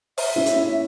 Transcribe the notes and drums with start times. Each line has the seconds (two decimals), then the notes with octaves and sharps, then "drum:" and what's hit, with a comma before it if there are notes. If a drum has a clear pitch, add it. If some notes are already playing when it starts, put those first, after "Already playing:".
0.18 E5, drum: open hi-hat
0.36 C#4 E4
0.46 drum: hi-hat
0.55 C#4 E4
0.63 E5